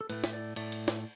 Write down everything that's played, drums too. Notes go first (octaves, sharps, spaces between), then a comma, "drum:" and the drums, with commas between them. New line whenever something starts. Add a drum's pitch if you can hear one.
A4
A2 A3 B4, drum: cymbal
E5, drum: snare
D5
A2 A3 D5, drum: cymbal
drum: cymbal
drum: snare